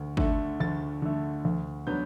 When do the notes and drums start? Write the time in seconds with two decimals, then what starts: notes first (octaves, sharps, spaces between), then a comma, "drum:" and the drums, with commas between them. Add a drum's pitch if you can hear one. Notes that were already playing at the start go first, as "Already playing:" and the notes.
Already playing: D2
0.17 D3 A3, drum: kick
0.60 D2 A6
1.02 D3 A3
1.45 D2
1.87 D3 F#3 B3 G6